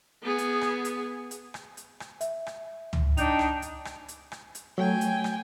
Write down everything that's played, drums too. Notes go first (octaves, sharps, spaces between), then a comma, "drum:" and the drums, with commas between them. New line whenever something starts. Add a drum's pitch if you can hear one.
B3 G#4
drum: hi-hat
drum: rim click
drum: hi-hat
drum: hi-hat
drum: rim click
drum: hi-hat
drum: rim click
E5, drum: hi-hat
drum: rim click
drum: tom C#2
D4 D#4 G5 A5 G6 F7, drum: hi-hat
drum: rim click
drum: hi-hat
drum: rim click
drum: hi-hat
drum: rim click
drum: hi-hat
F#3 A3 G5 G#5
drum: hi-hat
drum: rim click